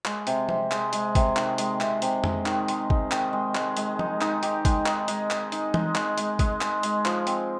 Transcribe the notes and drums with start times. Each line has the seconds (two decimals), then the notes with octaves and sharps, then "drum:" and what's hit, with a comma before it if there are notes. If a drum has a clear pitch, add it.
0.05 G#3, drum: clap
0.27 C3, drum: hi-hat
0.49 C3, drum: tom F3
0.71 G#3, drum: clap
0.93 G#3, drum: hi-hat
1.15 C3, drum: kick, hi-hat
1.36 D#3, drum: clap
1.58 G#3, drum: hi-hat
1.80 C3, drum: clap
2.02 C3, drum: hi-hat
2.24 G#3, drum: tom F2
2.46 D#3, drum: clap
2.68 G#3, drum: hi-hat
2.90 G#3, drum: kick
3.11 D#3, drum: clap
3.33 G#3
3.55 G#3, drum: clap
3.77 G#3, drum: hi-hat
3.99 D#4, drum: tom F3
4.21 D#4, drum: clap
4.43 G4, drum: hi-hat
4.65 G#3, drum: kick, hi-hat
4.86 D#4, drum: clap
5.08 G#3, drum: hi-hat
5.30 G#3, drum: clap
5.52 D#4, drum: hi-hat
5.74 G#3, drum: tom E3
5.95 G#3, drum: clap
6.18 G#3, drum: hi-hat
6.39 G#3, drum: kick, hi-hat
6.61 G#3, drum: clap
6.83 G#3, drum: hi-hat
7.05 F3, drum: clap
7.27 C4, drum: hi-hat